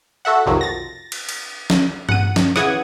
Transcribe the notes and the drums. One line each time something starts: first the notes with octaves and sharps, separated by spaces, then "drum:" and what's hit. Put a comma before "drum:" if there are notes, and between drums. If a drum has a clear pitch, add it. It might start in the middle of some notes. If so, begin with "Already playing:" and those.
F#4 A4 E5 F#5
B1 F2 C3 D#3 F3 F#3
A6 A#6
drum: cymbal
drum: cymbal
drum: snare
F#5 D#7, drum: tom G2
drum: snare
C#3 E3 F#5 D#6 G#6, drum: rim click